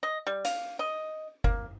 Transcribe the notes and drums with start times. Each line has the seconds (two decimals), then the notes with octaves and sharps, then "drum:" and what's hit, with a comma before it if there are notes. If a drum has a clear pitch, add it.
0.03 D#5
0.27 G3
0.45 F5, drum: hi-hat
0.79 D#5
1.44 A#3, drum: kick F#1